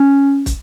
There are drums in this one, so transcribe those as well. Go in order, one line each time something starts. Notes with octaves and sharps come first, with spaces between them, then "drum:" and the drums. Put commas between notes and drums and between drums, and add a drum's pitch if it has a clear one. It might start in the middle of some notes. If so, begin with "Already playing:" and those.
Already playing: C#4
drum: kick, hi-hat